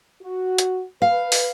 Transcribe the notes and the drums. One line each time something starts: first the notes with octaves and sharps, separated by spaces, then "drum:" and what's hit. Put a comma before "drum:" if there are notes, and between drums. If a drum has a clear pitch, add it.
F#4
drum: hi-hat
B4 F5
drum: open hi-hat